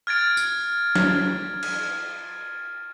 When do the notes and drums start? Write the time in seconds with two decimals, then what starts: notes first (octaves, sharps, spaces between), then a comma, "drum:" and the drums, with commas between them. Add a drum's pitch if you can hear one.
0.07 F6 G#6 A6 D7
0.37 drum: tambourine
0.95 drum: snare
1.63 drum: cymbal